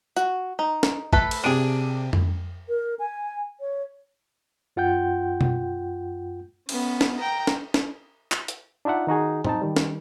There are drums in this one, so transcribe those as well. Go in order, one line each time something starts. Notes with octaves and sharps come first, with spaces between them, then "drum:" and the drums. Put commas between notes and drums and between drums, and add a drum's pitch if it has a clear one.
F#4, drum: tambourine
D#4
drum: snare
A3 A4 B4, drum: kick A1
drum: cymbal
C3 D4 G#4 D7 D#7
drum: tom F2
A#4
G#5
C#5
F#2 F4 F#5 G5 G6
drum: tom B2
B3 C#4, drum: cymbal
drum: snare
G5 A#5
drum: snare
drum: snare
drum: clap
drum: hi-hat
D4 D#4 F4 E5 F#5
D#3 D#4 F#4 G#4
C4 D#4 A5, drum: tom
D#3 G3
drum: snare